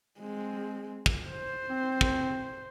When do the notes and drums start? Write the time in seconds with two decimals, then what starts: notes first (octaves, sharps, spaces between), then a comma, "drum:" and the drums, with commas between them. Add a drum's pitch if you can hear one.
0.20 G#3 C4
1.06 drum: kick
1.30 C5
1.69 C4
2.01 drum: kick